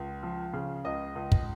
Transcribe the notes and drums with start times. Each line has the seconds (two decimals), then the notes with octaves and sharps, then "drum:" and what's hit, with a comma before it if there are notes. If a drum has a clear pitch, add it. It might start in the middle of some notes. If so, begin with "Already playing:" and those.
Already playing: C#2
0.23 F3
0.53 C#3
0.85 C#2 D#5
1.15 C#2
1.32 drum: kick